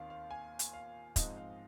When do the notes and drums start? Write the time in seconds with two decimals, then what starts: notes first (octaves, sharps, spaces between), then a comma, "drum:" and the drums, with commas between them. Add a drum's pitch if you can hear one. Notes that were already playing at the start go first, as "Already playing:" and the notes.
Already playing: D#2 D#3 C4 F4 F5
0.10 F5
0.31 G#5
0.59 drum: hi-hat
0.73 F5
1.16 G#2 F3 G#3 C4 D#4 D#5, drum: kick, hi-hat
1.37 F5